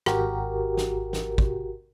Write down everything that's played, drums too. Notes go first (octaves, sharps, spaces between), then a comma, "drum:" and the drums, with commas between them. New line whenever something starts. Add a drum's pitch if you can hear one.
G#1 F#4 G4 A#4, drum: rim click
drum: snare
drum: snare
drum: kick